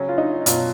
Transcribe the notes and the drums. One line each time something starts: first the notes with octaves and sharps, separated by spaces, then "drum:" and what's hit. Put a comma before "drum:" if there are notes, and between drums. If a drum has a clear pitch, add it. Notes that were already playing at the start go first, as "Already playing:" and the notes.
Already playing: C#3 F#3 C#4
F4
D#4
B2 F#3 F4, drum: hi-hat